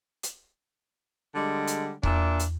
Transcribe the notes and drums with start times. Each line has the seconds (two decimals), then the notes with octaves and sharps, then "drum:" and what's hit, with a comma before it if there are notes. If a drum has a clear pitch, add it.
0.23 drum: hi-hat
1.35 D3 G3 G#3
1.67 drum: hi-hat
2.03 E2 A#2 D4 E5, drum: kick C#1
2.39 drum: hi-hat